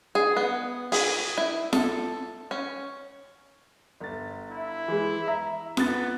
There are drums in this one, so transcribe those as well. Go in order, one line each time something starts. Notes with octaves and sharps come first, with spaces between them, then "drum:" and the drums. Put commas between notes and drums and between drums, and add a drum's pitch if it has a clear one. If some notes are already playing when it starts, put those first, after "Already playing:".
G#4
B3
G#4, drum: open hi-hat
E4
A4, drum: snare F4
C#4
G1 A6
E4
E3 G#3
E5 A#5
B3 F#6 A6, drum: snare F4